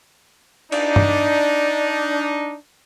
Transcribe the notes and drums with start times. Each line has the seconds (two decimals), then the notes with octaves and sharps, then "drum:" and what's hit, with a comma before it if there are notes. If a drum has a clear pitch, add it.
0.72 D4 D#4 D5, drum: cymbal
0.96 drum: tom G2